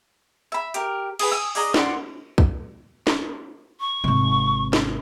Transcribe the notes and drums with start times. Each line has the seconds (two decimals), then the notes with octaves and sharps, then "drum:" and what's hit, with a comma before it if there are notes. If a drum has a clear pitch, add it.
0.52 E5 B5
0.74 G4 A#4, drum: hi-hat
1.19 G#4 B4 G#5, drum: cymbal
1.32 G#5 D#6 E6
1.55 D4 G#4 D#5 A#5, drum: open hi-hat
1.74 D5 F#5 C6, drum: snare
2.38 drum: kick A#1
3.07 drum: snare
3.80 C#6
4.04 G#1 C3
4.73 drum: snare